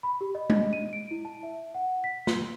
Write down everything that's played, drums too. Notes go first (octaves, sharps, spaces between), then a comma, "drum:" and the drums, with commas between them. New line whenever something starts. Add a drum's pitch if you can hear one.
B5
G4
D#5
D#5, drum: tom G#3
D#7
D7
E4
A5
E5
F#5
B6
C6, drum: snare